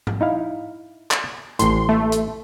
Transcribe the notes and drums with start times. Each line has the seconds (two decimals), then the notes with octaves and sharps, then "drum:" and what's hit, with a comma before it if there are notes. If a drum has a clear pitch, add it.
0.07 drum: tom G#2
0.21 D#4 E4 F5
1.11 drum: clap
1.59 A1 A2 C6, drum: hi-hat
1.89 A3
2.12 drum: hi-hat